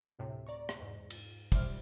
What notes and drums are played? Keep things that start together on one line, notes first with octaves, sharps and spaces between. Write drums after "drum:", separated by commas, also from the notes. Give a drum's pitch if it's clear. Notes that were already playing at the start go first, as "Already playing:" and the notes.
D2 A2 C3
D5 A#5 C#6
drum: rim click
E2 G#2
drum: cymbal
G3 C5 E5 F6, drum: kick, cymbal